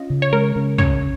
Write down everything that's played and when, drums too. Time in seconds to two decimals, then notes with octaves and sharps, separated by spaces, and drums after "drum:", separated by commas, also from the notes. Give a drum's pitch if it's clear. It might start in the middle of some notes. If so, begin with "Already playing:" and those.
Already playing: C#4 F4 D#5
0.10 C#3
0.22 C#5
0.32 G#3 A#4
0.56 C#3
0.78 C#4 C#5, drum: tom